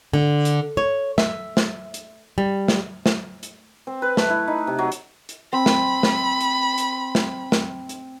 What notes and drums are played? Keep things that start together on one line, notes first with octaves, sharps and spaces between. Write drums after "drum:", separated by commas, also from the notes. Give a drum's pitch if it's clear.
D3
drum: hi-hat
C#5
E5, drum: snare
drum: snare
drum: hi-hat
G3
drum: snare
drum: snare
drum: hi-hat
C4
B4
A3, drum: snare
E4
D#4
C3
F#3
drum: hi-hat
drum: hi-hat
C4 B5
drum: snare
drum: snare
drum: hi-hat
drum: hi-hat
drum: snare
drum: snare
drum: hi-hat